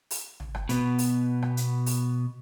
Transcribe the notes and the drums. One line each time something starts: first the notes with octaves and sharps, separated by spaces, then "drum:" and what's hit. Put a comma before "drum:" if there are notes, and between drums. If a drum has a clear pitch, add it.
drum: open hi-hat
drum: tom
drum: rim click
B2 B3, drum: hi-hat
drum: open hi-hat
drum: rim click
drum: hi-hat
drum: open hi-hat